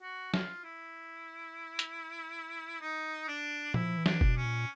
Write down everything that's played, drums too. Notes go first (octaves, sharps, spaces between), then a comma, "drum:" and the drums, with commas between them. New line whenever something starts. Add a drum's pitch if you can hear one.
F#4
F4, drum: snare
E4
drum: hi-hat
D#4
D4
F3 E4, drum: tom A#2
E3
D4, drum: snare
B2, drum: kick
C#4
A#2